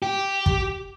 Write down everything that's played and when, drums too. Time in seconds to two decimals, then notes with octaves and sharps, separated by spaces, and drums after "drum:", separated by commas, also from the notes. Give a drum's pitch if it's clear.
0.02 G4
0.46 drum: kick